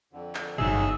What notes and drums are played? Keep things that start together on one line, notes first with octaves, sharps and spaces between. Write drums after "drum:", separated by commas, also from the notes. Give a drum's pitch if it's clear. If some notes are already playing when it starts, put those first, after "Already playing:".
F2 D3
drum: clap
G1 F#3 D#4 G#4 D#5 E5 E6, drum: tom